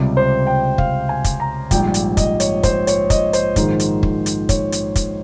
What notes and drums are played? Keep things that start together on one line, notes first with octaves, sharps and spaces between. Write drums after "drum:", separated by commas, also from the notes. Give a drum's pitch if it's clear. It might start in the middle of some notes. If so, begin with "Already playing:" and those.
Already playing: C#2 C3 G3
C5
G5
F5, drum: kick
G#5
drum: kick, hi-hat
A#5
A#1 G#2 G3 G5, drum: kick, hi-hat
drum: hi-hat
D#5, drum: kick, hi-hat
C#5, drum: hi-hat
C5, drum: kick, hi-hat
C#5, drum: hi-hat
D#5, drum: kick, hi-hat
C5, drum: hi-hat
A#1 G#2 D#3 G#3, drum: kick, hi-hat
drum: hi-hat
drum: kick
drum: hi-hat
C#5, drum: kick, hi-hat
drum: hi-hat
drum: kick, hi-hat